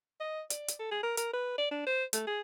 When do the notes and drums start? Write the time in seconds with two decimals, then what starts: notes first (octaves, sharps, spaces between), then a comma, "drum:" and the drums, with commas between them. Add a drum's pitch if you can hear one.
0.20 D#5
0.50 D5, drum: hi-hat
0.68 drum: hi-hat
0.79 A4
0.91 G#4
1.03 A#4
1.17 A#4, drum: hi-hat
1.33 B4
1.58 D5
1.71 D4
1.86 C5
2.13 A3, drum: hi-hat
2.27 G#4